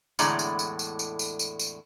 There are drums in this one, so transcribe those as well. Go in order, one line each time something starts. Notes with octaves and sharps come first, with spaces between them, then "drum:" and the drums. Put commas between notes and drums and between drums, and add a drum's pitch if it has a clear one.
E2 A2 D3 G#3 D5 A#5, drum: tambourine
drum: tambourine
drum: tambourine
drum: tambourine
drum: tambourine
drum: tambourine
drum: tambourine
drum: tambourine